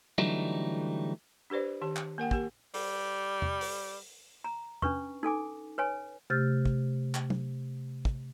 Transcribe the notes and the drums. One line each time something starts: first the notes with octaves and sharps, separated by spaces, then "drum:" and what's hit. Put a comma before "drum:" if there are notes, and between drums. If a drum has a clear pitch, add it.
D3 E3 F#3 G3 A3 D#4, drum: tom
D4 G4 B4 C5 D5
D#3 G4 A5
drum: clap
A#3 A#4 F#5 G5
A#3 G4 A#4, drum: kick
G3, drum: open hi-hat
drum: tom E2
drum: open hi-hat
A#5
C#4 D4 B4 C#6, drum: tom E2
D#4 A4 G#5 D6
B4 C#5 G#5
C3 A3 G4 F6 G6 A6
drum: kick
drum: clap
drum: tom
drum: kick